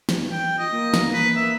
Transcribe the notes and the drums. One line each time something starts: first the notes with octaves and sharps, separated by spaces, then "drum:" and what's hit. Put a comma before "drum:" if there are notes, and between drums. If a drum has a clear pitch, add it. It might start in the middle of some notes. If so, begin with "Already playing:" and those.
drum: snare
G5
F4 D#5
A#3
drum: snare
B4
E5